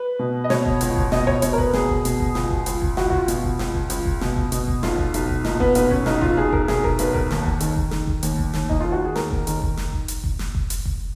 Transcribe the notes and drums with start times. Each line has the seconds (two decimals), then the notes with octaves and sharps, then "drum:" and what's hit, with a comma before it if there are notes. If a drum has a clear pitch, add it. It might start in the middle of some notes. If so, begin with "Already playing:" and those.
Already playing: B4
0.19 B2
0.44 D#5
0.50 B2 C#5, drum: snare
0.65 drum: kick F1
0.81 C#2, drum: hi-hat
0.96 drum: kick F1
1.12 B2 D#5, drum: snare
1.27 C#5, drum: kick F1
1.42 B2 C#5, drum: hi-hat
1.53 A#4
1.58 B4, drum: kick F1
1.73 B2 G#4, drum: snare
1.89 drum: kick F1
2.05 B2, drum: hi-hat
2.20 drum: kick F1
2.35 C#2, drum: snare
2.51 drum: kick F1
2.66 C#2, drum: hi-hat
2.82 drum: kick F1
2.97 C#2 F#4, drum: snare
3.10 F#4, drum: kick F1
3.18 F4
3.28 B2, drum: hi-hat
3.44 drum: kick F1
3.59 C#2, drum: snare
3.74 drum: kick F1
3.90 C#2, drum: hi-hat
4.05 drum: kick F1
4.21 B2, drum: snare
4.36 drum: kick F1
4.52 B2, drum: hi-hat
4.67 drum: kick F1
4.83 B1 F4, drum: snare
4.98 drum: kick F1
5.14 B1, drum: hi-hat
5.29 drum: kick F1
5.44 A#2 D#4, drum: snare
5.60 B3, drum: kick F1
5.75 B1 B3, drum: hi-hat
5.91 C#4, drum: kick F1
6.06 B1 D#4, drum: snare
6.22 F4, drum: kick F1
6.37 B1 G#4
6.53 A#4, drum: kick F1
6.68 B1 G#4, drum: snare
6.84 A#4, drum: kick F1
6.99 B1 B4, drum: hi-hat
7.14 A#4, drum: kick F1
7.30 D#2, drum: snare
7.45 drum: kick F1
7.60 D#3, drum: hi-hat
7.76 drum: kick F1
7.91 D#3, drum: snare
8.07 drum: kick F1
8.23 D#2, drum: hi-hat
8.38 drum: kick F1
8.53 D#2, drum: snare
8.69 D#4, drum: kick F1
8.80 D#3 F4
8.92 F#4
9.04 G#4
9.15 D#2 A#4, drum: snare
9.31 drum: kick F1
9.47 D#3, drum: hi-hat
9.62 drum: kick F1
9.77 drum: snare
9.93 drum: kick F1
10.08 drum: hi-hat
10.24 drum: kick F1
10.39 drum: snare
10.55 drum: kick F1
10.70 drum: hi-hat
10.86 drum: kick F1